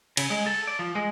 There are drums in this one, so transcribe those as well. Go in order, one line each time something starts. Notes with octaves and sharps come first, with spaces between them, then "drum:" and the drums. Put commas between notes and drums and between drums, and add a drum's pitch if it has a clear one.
C#3, drum: cymbal
G#3
A4
D5
F3
G#3